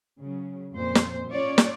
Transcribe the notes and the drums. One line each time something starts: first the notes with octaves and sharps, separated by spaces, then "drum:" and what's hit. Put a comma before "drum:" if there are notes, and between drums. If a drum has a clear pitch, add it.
C#3 F#3
F2 A#2 C5
drum: snare
C#4 F4 C#5 D5
drum: snare